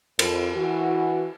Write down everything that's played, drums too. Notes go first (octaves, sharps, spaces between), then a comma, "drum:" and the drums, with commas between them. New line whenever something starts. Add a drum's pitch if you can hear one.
F2, drum: cymbal
E3 F#4